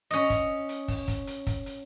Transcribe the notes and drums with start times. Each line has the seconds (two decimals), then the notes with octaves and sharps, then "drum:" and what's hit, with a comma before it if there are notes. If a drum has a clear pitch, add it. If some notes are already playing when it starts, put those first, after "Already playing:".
0.11 C#4 D#5, drum: hi-hat
0.30 drum: kick, hi-hat
0.69 drum: hi-hat
0.88 drum: kick, open hi-hat
1.08 drum: kick, hi-hat
1.27 drum: hi-hat
1.47 drum: kick, hi-hat
1.66 drum: hi-hat